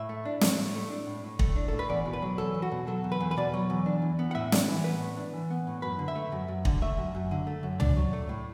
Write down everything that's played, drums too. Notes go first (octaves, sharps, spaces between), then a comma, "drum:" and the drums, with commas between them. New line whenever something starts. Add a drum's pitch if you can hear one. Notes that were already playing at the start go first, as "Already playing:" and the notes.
Already playing: A2 E5
A3
D4
A2, drum: snare
A2
A3
D4
A2
A2
A3, drum: kick
D4
A2 A4
B4
E2 D5
B2
B4
F#3
E2 A4
E2
F#4
B2
F#3 A4
E2
B4
E2
B4
B2 D5
F#3
E2
D4
E3
B3
F#5
A2 E5
D4, drum: snare
E3
B3 B4
A2
D4
E3
B3
A2
F#2 B4
D3
E5
A3
F#2
F#2
D3, drum: kick
A3 E5
F#2
F#2
D3
A3
F#2
D4 D5, drum: tom C#2
F#3
A3
A2